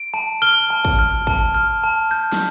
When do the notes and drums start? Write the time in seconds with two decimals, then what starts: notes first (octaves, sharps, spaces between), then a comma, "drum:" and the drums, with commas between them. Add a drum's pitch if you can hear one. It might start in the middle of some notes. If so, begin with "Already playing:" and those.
Already playing: D7
0.14 A5
0.42 F6 G7
0.70 A5
0.85 drum: kick
0.99 F6
1.27 A5, drum: kick
1.54 F6
1.84 A5
2.11 G6
2.32 drum: snare